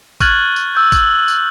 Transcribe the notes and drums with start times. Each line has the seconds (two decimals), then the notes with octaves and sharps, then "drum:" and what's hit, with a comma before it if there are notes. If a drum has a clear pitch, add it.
0.20 C#6 F6 F#6 G#6 A6 F#7, drum: kick A1, tambourine
0.56 drum: tambourine
0.75 E6 G6
0.92 drum: kick A1, tambourine
1.28 drum: tambourine